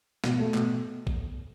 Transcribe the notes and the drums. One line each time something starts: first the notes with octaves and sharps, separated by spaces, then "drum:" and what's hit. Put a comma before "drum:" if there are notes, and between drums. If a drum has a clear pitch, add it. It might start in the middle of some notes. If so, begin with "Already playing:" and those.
B2, drum: snare
A3
B2, drum: clap
drum: kick